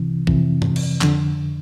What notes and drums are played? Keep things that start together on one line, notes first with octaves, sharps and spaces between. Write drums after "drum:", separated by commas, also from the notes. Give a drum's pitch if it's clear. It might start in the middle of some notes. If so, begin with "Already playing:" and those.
Already playing: C2 C3 E3
F2 C3 E3, drum: kick
drum: tom G2
drum: cymbal
F2 D3, drum: clap